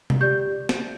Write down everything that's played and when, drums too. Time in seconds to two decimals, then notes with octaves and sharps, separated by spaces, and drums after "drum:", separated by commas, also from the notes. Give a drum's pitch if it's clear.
0.10 drum: tom C3
0.21 G4 D5 G6
0.69 drum: snare